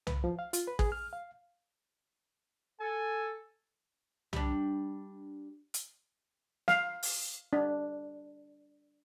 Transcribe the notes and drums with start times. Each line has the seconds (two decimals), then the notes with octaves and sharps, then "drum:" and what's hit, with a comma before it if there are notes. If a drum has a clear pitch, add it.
0.07 B4, drum: tom C2
0.24 F3
0.39 F5
0.53 F4, drum: hi-hat
0.68 B4
0.79 G#4, drum: kick
0.92 F6
1.13 F5
2.81 A4 G#5
4.33 G3 D4, drum: tom C2
5.74 drum: hi-hat
6.68 F5, drum: snare
7.03 drum: open hi-hat
7.53 D4